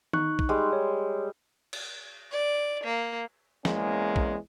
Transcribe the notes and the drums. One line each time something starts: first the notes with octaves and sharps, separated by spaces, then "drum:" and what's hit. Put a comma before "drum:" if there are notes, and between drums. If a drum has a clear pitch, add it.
D#4 C#6 F#6, drum: tom D#3
drum: kick
G3 G#3
C#5
drum: cymbal
D5
A#3
E2 G#3 A#3 C#4, drum: snare
drum: kick